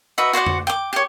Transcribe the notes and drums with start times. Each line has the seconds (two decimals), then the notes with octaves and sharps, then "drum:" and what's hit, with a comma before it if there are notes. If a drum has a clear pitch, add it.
0.18 D#4 F#4 B4 E5
0.33 F#4 C5 D5 F#5
0.46 drum: tom F2
0.67 G5 D6
0.93 G4 C#5